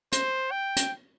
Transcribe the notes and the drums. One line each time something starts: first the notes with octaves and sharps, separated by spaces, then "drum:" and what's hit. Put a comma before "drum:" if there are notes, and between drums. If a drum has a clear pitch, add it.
C5, drum: hi-hat
G5
drum: hi-hat